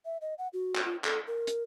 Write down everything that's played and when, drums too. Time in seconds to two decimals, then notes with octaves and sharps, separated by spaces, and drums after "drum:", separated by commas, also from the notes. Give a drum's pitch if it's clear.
0.05 E5
0.21 D#5
0.38 F#5
0.53 F#4
0.76 drum: clap
0.85 F4
1.04 A4, drum: clap
1.27 A#4
1.47 drum: hi-hat